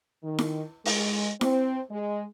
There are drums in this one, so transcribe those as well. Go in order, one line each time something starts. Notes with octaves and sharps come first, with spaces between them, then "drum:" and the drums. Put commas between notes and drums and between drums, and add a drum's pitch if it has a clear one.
D#3
drum: snare E4
G#3, drum: open hi-hat
C4, drum: snare E4
G#3